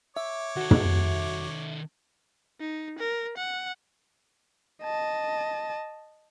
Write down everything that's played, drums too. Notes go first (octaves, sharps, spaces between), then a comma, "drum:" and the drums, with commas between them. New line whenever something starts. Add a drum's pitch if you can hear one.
C#5 E5 D6
D#3 F#4 A4
drum: tom
D#4
A#4
F#5
D#5 A5